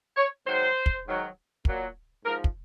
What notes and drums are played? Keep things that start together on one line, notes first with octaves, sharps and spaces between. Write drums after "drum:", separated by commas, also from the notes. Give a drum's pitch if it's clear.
C#5
G#2 D#3 F#3 C5
drum: kick
G#2 D#3 F#3
A#2 F#3, drum: kick
G#2 F3 A#4
drum: kick